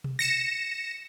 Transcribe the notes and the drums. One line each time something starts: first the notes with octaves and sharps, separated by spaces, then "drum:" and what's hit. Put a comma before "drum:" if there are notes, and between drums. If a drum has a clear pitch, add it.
drum: tom B2
A#6 C#7 E7